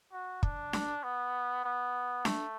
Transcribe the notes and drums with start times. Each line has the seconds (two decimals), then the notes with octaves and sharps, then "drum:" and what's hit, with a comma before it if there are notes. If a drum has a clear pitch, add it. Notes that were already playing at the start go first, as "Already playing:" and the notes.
0.12 F#4
0.43 D4, drum: kick
0.73 drum: snare D4
1.03 B3
1.64 B3
2.25 A3, drum: snare D4